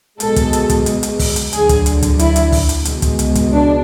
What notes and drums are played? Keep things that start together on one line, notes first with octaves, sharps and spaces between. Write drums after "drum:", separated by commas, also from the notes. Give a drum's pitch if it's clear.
B1 B2 G#3 A4, drum: hi-hat
drum: kick, hi-hat
drum: hi-hat
drum: kick, hi-hat
drum: hi-hat
drum: hi-hat
drum: kick, open hi-hat
drum: hi-hat
D2 D3 F#3 G#4, drum: hi-hat
drum: kick, hi-hat
drum: hi-hat
drum: kick, hi-hat
E4, drum: hi-hat
drum: hi-hat
drum: kick, open hi-hat
drum: hi-hat
C#2 B2 G#3, drum: hi-hat
drum: kick, hi-hat
drum: hi-hat
drum: kick, hi-hat
D4